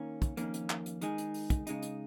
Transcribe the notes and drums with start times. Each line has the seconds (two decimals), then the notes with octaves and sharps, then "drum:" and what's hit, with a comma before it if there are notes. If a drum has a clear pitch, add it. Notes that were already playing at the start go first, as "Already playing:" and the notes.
Already playing: D#3 A#3 C#4
0.22 drum: kick, hi-hat
0.37 F2 D#3 A#3 C#4, drum: hi-hat
0.54 drum: hi-hat
0.70 drum: clap
0.86 drum: hi-hat
1.01 D#3 G#3 D#4 G#4, drum: hi-hat
1.18 drum: hi-hat
1.34 drum: open hi-hat
1.50 drum: kick, hi-hat
1.67 C#3 G#3 D#4, drum: hi-hat
1.82 drum: hi-hat